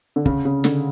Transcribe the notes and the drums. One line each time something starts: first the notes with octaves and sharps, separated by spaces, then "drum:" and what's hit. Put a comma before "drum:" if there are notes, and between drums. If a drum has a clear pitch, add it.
D3
C#3, drum: kick
C#3
D3, drum: snare